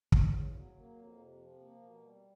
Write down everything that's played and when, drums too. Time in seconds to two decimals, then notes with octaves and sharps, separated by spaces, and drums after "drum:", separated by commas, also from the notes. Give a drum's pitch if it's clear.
0.12 E2, drum: kick
0.33 C#3
0.55 F#3
0.76 A#3
0.96 F2
1.18 C3
1.39 F3
1.60 A#3
1.82 B2
2.02 G3